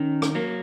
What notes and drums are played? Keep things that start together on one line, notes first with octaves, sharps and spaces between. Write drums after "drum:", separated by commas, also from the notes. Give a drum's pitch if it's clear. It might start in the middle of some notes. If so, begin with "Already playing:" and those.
Already playing: D#3 C#4
drum: rim click
F#3 A#3 A#4